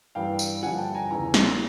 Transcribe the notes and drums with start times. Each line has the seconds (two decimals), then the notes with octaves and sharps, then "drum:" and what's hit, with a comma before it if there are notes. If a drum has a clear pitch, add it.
0.15 G2 E3 F5 G5
0.39 drum: tambourine
0.63 G2 D3 F3 F#5 G#5
0.78 G5 A5
0.95 G#5 A#5
1.10 E2 C#3 E3 G#5 A#5
1.34 drum: snare